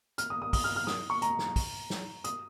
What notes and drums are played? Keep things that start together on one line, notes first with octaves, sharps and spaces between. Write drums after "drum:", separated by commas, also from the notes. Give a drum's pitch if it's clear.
F6, drum: hi-hat
D#6
D#6
D#6, drum: kick, open hi-hat
F6
F6
D#6, drum: snare
C#6
A#5, drum: hi-hat
drum: snare
drum: kick, open hi-hat
drum: snare
D#6, drum: hi-hat